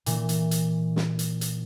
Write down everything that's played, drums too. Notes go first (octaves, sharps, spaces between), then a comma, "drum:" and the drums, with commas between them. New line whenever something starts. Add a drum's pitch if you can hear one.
A#2 E3, drum: hi-hat
drum: hi-hat
drum: hi-hat
drum: snare
drum: hi-hat
drum: hi-hat